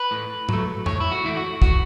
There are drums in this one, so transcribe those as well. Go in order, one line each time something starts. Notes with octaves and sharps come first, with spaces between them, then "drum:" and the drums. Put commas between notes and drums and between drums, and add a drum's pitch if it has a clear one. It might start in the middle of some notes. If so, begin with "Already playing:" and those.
Already playing: B4
A2
F#3 A3, drum: tom G#2
A2 C#5, drum: tom F2
E4
F#4
E3 A3 E4
F#4
A2 F#4, drum: kick